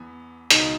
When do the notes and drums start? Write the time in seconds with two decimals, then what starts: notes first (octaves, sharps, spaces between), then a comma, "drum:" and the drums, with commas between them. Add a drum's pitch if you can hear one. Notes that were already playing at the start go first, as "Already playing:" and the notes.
Already playing: E2 E3 B3
0.50 C#2 B2 D#4, drum: hi-hat